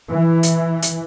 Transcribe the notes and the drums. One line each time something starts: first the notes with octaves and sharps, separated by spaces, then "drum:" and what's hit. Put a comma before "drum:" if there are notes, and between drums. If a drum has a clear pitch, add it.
E3
drum: hi-hat
drum: hi-hat